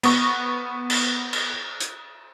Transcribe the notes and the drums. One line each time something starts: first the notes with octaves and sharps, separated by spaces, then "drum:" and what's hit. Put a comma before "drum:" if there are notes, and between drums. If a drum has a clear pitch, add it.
B3 C#6, drum: cymbal
drum: cymbal
drum: cymbal
drum: hi-hat